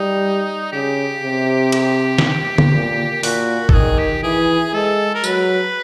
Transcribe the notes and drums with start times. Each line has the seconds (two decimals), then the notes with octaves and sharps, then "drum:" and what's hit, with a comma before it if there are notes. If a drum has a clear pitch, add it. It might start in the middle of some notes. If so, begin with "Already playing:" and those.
Already playing: G3 D#4
0.72 C#3 G4
1.23 C3
1.72 G4, drum: cymbal
2.18 drum: snare
2.58 drum: tom D3
2.73 A#2
3.23 A#2 F#4, drum: open hi-hat
3.69 A4, drum: kick
3.73 D#3 G#4
3.99 G4
4.23 E3 G#4
4.73 G#3 A4
5.14 A#4
5.24 F#3 B4, drum: tambourine